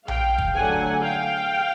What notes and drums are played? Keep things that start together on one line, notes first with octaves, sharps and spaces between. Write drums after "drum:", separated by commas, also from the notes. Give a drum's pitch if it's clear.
F5 G5, drum: tom A#1
drum: kick
D3 F#3 A3 F#5 G#5
F5 G5